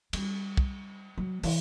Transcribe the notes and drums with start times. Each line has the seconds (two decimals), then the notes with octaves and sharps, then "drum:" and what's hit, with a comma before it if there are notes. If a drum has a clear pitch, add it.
0.13 G3, drum: cymbal
0.57 drum: kick
1.18 F#3
1.43 E3, drum: open hi-hat